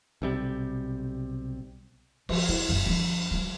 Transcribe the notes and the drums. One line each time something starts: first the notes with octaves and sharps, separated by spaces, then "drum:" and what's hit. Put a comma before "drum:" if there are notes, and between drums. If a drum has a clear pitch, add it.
B1 C3 G3
F3, drum: cymbal
E4
F#1 F#2
F3 D4
F#3 G3